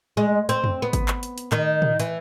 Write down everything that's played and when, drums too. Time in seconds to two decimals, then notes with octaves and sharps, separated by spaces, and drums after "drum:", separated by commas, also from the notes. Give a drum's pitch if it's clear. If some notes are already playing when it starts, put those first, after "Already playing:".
0.17 G#3
0.49 C4, drum: hi-hat
0.64 drum: tom
0.82 B3
0.93 drum: kick, hi-hat
1.08 drum: clap
1.23 drum: hi-hat
1.38 drum: hi-hat
1.52 D#3, drum: clap
1.82 drum: tom
2.00 E3, drum: hi-hat